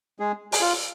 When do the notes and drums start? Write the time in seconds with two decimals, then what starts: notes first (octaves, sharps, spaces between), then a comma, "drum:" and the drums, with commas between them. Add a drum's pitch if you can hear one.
0.19 G#3 G#4
0.52 G#4, drum: open hi-hat
0.61 F4